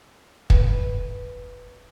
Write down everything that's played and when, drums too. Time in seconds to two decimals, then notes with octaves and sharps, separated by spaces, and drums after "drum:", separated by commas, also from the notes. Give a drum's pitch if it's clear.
0.50 B4, drum: kick